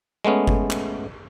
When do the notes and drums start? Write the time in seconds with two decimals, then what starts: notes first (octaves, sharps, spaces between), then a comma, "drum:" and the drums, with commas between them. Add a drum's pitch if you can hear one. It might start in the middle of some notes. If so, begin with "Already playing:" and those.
0.25 G#3 A3 B3 C#4
0.47 drum: kick G1
0.70 drum: clap